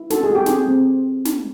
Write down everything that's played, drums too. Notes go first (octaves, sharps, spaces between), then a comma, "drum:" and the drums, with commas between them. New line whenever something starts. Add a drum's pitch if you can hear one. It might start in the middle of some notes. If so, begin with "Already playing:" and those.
Already playing: E4
F#4 A4, drum: snare
G#4
F#4 G4
C4 G#4, drum: snare
C4
drum: snare